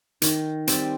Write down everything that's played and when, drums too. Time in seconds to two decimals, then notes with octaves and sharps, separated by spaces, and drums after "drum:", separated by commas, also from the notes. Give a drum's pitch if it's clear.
0.22 D#3, drum: hi-hat
0.67 G3 C4, drum: hi-hat